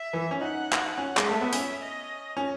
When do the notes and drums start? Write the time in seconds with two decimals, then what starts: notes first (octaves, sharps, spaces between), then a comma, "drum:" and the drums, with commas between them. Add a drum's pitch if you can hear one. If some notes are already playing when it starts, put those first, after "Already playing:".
Already playing: E5
0.13 E3
0.31 C#4
0.41 D#4 F#5
0.72 drum: clap
0.98 C#4
1.17 G#3, drum: clap
1.24 A3 E5
1.41 B3
1.53 C#4, drum: open hi-hat
1.81 D#5
2.37 C#4